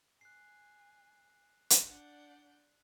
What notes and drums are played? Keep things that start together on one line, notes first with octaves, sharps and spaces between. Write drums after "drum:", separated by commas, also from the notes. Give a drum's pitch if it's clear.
G#5 F#6 C7
drum: hi-hat
D4 D5 F#5 G6